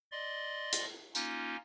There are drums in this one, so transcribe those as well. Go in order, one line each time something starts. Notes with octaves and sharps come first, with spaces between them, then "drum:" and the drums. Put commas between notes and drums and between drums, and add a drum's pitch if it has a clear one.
D5 D#5 C6
drum: hi-hat
A#3 C#4 D#4 F4, drum: tambourine